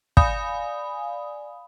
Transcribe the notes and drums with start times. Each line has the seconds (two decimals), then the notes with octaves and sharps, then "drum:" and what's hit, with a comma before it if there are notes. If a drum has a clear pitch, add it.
0.17 D5 F5 G#5 B5 D#6, drum: kick